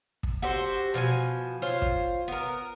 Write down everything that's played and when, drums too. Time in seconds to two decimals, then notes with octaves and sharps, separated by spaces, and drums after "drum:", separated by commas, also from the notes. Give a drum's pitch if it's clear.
0.23 drum: kick
0.42 F#4 G4 A4 C5
0.94 B2 F3 G#4 G#5
1.62 F4 C5 C#5
1.82 drum: kick
2.28 B3 A#4